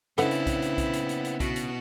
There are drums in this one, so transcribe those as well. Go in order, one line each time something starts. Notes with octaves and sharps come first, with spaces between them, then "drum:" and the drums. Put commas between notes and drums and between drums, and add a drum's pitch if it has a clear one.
C#3 B3 C4 D4 E4 A4 B4 F#5, drum: hi-hat
drum: hi-hat
drum: kick B1, hi-hat
drum: hi-hat
drum: kick B1, hi-hat
drum: hi-hat
drum: hi-hat
drum: hi-hat
B2 F#4, drum: kick B1, hi-hat
drum: hi-hat